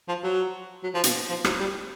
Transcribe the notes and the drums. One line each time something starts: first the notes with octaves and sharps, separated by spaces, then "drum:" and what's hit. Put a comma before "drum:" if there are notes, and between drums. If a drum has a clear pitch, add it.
F3
F#3
F#3
F3
B2, drum: hi-hat
F3
F#3, drum: rim click
G3